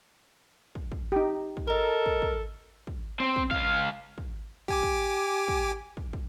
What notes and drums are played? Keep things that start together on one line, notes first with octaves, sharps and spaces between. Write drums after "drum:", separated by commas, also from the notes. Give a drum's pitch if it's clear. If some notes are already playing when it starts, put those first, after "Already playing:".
drum: kick
drum: kick
D#4 G4
drum: kick
A4 A#4 D#5 A#5
drum: kick
drum: kick
drum: kick
C4
drum: kick
C#2 F5, drum: kick
drum: kick
G4 G#5 D6, drum: kick
drum: kick
drum: kick
drum: kick
drum: kick